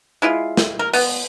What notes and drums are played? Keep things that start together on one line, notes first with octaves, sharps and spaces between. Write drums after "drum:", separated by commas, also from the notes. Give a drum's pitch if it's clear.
G#3 E4 F4
drum: snare
A#4
B3, drum: open hi-hat